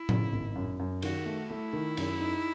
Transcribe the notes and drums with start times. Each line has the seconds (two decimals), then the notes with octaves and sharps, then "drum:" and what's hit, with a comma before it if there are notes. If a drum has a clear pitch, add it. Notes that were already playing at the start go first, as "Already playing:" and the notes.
Already playing: E4
0.09 C#3, drum: tom A2
0.32 G#1
0.55 F#2
0.79 F#2
1.02 D#3 F#4, drum: cymbal
1.26 A3
1.49 A3 E4
1.73 D#3
1.97 F#2, drum: cymbal
2.21 D#4